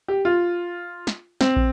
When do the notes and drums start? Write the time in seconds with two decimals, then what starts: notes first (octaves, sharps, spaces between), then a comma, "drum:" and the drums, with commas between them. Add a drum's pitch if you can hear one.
0.08 G4
0.25 F4
1.07 drum: snare
1.41 C4, drum: snare
1.56 drum: kick